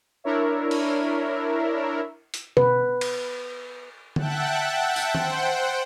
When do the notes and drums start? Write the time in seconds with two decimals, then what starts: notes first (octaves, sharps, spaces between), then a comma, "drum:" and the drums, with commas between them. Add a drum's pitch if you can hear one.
0.24 D4 E4 A#4 C#5 E5
0.71 drum: cymbal
2.34 drum: hi-hat
2.57 B4, drum: tom B2
3.01 drum: cymbal
4.16 E5 F#5 G5 A5 F#6, drum: tom D3
4.96 drum: tambourine
5.15 C5 F#5 G5, drum: tom D#3